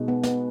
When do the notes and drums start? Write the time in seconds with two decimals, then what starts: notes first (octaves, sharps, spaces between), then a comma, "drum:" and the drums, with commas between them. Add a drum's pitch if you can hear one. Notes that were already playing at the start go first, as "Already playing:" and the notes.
Already playing: B2 G#3 D#4
0.08 B3
0.23 B3, drum: snare